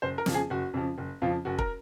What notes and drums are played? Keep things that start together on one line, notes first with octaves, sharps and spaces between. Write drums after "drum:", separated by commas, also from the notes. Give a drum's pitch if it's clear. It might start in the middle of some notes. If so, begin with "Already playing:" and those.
F#1 C5
A#4
F2 C#3 F3, drum: snare
G#4
F#1 F#4
F2 C#3 F3
F#1
F2 C#3 F3 F4
F#1 F#4
A#4, drum: kick